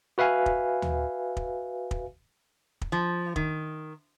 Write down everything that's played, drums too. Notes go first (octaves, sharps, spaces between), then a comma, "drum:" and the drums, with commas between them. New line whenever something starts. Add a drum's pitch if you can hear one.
F#4 B4 E5 F5 G#5
drum: kick
drum: tom D2
drum: kick
drum: kick
drum: kick
F3
D#3, drum: kick